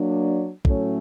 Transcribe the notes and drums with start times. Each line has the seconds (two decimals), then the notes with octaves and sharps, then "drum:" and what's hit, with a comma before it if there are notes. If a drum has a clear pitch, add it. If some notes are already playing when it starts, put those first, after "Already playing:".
Already playing: F#3 A#3 D4
0.65 A2 F#3 A3 C#4, drum: kick